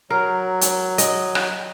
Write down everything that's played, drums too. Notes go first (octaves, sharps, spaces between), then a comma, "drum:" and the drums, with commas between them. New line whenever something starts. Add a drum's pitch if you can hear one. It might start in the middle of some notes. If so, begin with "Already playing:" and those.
F#3 A#4
drum: hi-hat
D#5, drum: hi-hat
drum: rim click